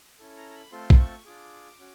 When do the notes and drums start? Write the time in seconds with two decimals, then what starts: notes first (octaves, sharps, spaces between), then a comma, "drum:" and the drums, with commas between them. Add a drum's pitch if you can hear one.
0.19 C#4 E4 A4
0.37 A#5
0.50 A#5
0.55 B5
0.72 A3 C4 F4 A4 C6
0.90 drum: kick
1.00 C#6
1.25 D4 F4 G#4 D6
1.80 C#4 F#4